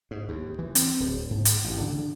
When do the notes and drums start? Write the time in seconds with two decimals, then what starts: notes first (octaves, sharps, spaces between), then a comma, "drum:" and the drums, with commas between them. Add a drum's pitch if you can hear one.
0.11 G#2
0.29 D#2
0.59 E3
0.75 C4, drum: hi-hat
1.00 D1
1.30 G#2
1.45 drum: hi-hat
1.64 A1
1.81 D3